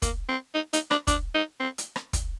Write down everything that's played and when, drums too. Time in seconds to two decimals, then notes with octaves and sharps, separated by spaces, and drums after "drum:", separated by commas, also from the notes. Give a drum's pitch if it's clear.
0.02 A#3, drum: kick, hi-hat
0.29 C4
0.55 D#4
0.73 D#4, drum: hi-hat
0.91 D4, drum: rim click
1.07 D4, drum: kick, hi-hat
1.34 D#4
1.60 C4
1.78 drum: hi-hat
1.96 drum: rim click
2.13 drum: kick, hi-hat